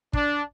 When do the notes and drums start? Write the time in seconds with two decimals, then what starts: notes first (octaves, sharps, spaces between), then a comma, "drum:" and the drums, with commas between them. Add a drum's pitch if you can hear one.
0.13 D4, drum: kick